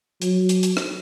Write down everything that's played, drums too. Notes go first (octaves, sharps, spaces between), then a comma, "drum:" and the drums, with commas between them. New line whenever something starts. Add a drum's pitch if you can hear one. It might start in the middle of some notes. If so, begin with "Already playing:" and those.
F#3, drum: hi-hat
drum: hi-hat
drum: hi-hat
drum: rim click